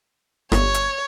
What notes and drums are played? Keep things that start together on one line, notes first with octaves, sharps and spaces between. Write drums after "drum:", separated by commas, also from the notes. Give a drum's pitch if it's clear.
G1 C#5, drum: rim click
drum: hi-hat